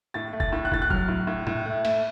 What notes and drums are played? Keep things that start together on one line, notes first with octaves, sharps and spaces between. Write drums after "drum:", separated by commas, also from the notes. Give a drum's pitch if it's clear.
A2 A6
A3
A6, drum: kick
A2
F#6
A2 A6, drum: kick
F#6
F#3 F6, drum: kick
A2
A2
A2, drum: tom A#2
A3
A3, drum: cymbal